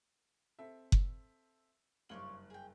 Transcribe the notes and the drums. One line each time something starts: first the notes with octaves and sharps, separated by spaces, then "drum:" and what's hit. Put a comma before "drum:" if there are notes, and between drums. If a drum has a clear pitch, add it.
C4 A4 E5
drum: kick F#1
F#1 G2 F4 C#5 D5 F#7
G#4 G5